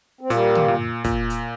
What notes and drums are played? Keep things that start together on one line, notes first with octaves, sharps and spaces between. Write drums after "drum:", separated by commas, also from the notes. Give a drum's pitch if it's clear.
C4
A#2 G3 A#3, drum: hi-hat
drum: tom
A#2
A#2, drum: kick, hi-hat
drum: hi-hat